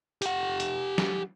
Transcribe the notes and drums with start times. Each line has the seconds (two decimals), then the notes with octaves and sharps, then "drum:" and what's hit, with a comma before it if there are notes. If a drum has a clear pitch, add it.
0.22 G4 F#5, drum: hi-hat
0.60 drum: hi-hat
0.98 drum: snare